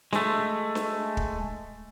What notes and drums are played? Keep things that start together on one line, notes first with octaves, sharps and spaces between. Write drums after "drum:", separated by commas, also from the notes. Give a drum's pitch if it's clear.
G#3 A3, drum: snare
drum: snare
drum: kick